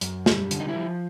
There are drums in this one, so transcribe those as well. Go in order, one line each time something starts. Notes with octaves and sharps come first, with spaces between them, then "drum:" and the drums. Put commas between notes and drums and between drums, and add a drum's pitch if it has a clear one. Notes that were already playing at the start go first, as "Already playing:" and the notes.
F#2, drum: hi-hat
G3, drum: snare
D3, drum: hi-hat
D#4
E4
F3